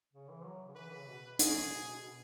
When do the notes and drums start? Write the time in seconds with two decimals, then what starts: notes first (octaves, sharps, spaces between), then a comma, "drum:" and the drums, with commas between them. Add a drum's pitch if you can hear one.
0.14 C#3
0.29 E3
0.45 F#3
0.68 C#3
0.76 E3 B4
0.92 C#3
1.08 B2
1.39 E3 G#4, drum: hi-hat
1.50 F#3
1.60 C#3
1.70 B2
1.87 B2
2.02 B2